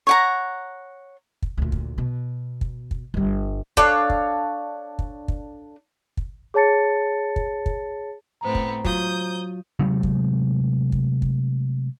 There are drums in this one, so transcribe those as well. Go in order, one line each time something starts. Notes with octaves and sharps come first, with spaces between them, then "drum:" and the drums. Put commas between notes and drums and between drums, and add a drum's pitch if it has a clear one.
C#5 F#5 A#5
drum: kick
D2 A#2
drum: kick
B2
drum: kick
drum: kick
G1 G3
D4 A4 C#5 F5, drum: kick
drum: kick
drum: kick
drum: kick
drum: kick
G#4 C#5 A5 A6 C#7
drum: kick
drum: kick
A2 B3 C4 C5 A#5
drum: kick
F#3 F4 D#6 G6, drum: kick
C3 F#3 G#3 A3
drum: kick
drum: kick
drum: kick